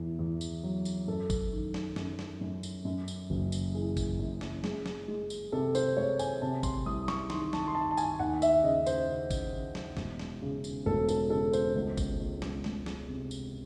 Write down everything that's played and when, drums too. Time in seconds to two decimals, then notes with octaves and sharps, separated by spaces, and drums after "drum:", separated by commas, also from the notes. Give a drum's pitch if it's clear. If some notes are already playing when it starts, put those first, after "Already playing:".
Already playing: E2
0.19 E2
0.41 drum: tambourine
0.63 F#3
0.85 drum: tambourine
1.08 F#2 A4
1.30 drum: kick, tambourine
1.51 D#3
1.74 drum: snare
1.96 F#2, drum: snare
2.19 drum: snare
2.41 F#2
2.63 drum: tambourine
2.85 F#2
3.08 drum: tambourine
3.30 F#1
3.52 drum: tambourine
3.75 E3 G#4
3.97 drum: kick, tambourine
4.19 F#2
4.41 drum: snare
4.64 G#3, drum: snare
4.86 drum: snare
5.08 G#3
5.30 drum: tambourine
5.52 C3 A4
5.75 C5, drum: tambourine
5.97 G#3 C#5
6.19 G#5, drum: tambourine
6.42 C3 A5
6.63 C6, drum: kick, tambourine
6.86 C2 D#6
7.08 C#6, drum: snare
7.30 D#3 C6, drum: snare
7.53 A5, drum: snare
7.68 C6
7.75 D#3 A5
7.91 A5
7.97 G#5, drum: tambourine
8.19 D#2 F#5
8.42 E5, drum: tambourine
8.63 C#3 D#5
8.86 C5, drum: tambourine
9.09 C#3
9.31 drum: kick, tambourine
9.53 C#3
9.75 drum: snare
9.97 E1, drum: snare
10.20 drum: snare
10.42 C#3
10.64 drum: tambourine
10.86 E1 A4
11.09 A4, drum: tambourine
11.30 C#3 A4
11.53 C5, drum: tambourine
11.75 C#2
11.97 drum: kick, tambourine
12.20 C#2
12.42 drum: snare
12.64 C#2, drum: snare
12.86 drum: snare
13.09 C3
13.31 drum: tambourine